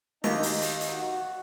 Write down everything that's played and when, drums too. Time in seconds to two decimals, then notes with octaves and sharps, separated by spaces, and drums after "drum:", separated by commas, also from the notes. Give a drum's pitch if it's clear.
0.24 D#2 D#4 A#5, drum: snare
0.43 drum: open hi-hat
0.62 drum: hi-hat
0.81 drum: hi-hat
0.91 F#4